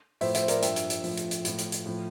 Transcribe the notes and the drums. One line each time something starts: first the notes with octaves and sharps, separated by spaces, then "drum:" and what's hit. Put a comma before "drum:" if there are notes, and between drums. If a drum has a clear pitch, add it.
A2 F3 C5 E5, drum: open hi-hat
C5 E5, drum: hi-hat
A#4 D5, drum: hi-hat
G2 F3 E5 G5, drum: hi-hat
drum: hi-hat
drum: hi-hat
A2 F3, drum: open hi-hat
drum: hi-hat
drum: hi-hat
A2 F3, drum: hi-hat
drum: hi-hat
drum: hi-hat
A2 F3